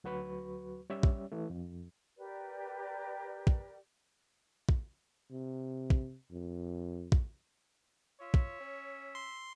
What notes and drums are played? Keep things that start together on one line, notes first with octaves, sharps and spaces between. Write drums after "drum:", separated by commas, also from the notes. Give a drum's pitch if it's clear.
D2 F#3 F#4 B4 B5 C#6
G3 C#4 G4 C#5 D5 E5
drum: kick
E3 A3
F2
G4 A#4 B4 D5
drum: kick
drum: kick
C3
drum: kick
F2
drum: kick
F4 C#5 E5
drum: kick
C#4
C6